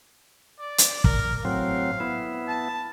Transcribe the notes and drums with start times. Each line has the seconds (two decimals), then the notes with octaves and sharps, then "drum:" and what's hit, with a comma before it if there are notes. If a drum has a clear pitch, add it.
0.59 D5
0.78 drum: hi-hat
1.04 A#4, drum: kick
1.45 A2 F#3 C4 F5
2.00 B3 E4
2.48 A5